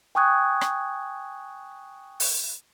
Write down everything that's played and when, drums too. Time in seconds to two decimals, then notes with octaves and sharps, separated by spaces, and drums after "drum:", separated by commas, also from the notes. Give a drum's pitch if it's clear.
0.15 G5 G#5 C#6 D#6 F#6 G#6
0.61 drum: rim click
2.20 drum: open hi-hat